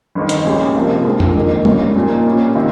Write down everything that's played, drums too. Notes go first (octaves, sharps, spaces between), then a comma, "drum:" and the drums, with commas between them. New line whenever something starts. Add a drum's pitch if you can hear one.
G1 F2 D#3
drum: hi-hat
C2 A#2 G#3 C#4 G4
F2 C3 F3 A#3
A#1 G#2 F3
drum: tom F2
F2 D#3 A#3
G1 G2 G3 C#4, drum: tom G#3
A#2 F3 A#3 D#4
A#2 G3 C#4
C3 D#3